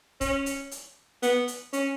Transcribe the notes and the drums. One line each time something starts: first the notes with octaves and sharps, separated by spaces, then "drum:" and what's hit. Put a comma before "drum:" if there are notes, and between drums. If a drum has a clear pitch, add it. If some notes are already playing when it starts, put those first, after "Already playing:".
C#4, drum: kick C#1, hi-hat
drum: hi-hat
drum: hi-hat
B3, drum: hi-hat
drum: hi-hat
C#4, drum: hi-hat